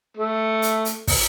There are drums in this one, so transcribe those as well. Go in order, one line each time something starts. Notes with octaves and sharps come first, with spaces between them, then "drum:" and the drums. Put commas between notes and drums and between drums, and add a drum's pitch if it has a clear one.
A3
drum: hi-hat
drum: hi-hat
drum: kick, open hi-hat